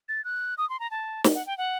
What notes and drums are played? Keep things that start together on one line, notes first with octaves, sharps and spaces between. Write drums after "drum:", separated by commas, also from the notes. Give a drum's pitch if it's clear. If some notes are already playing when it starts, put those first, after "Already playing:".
A6
F#6
D#6
C6
A#5
A5
drum: snare
F#5
G5
F#5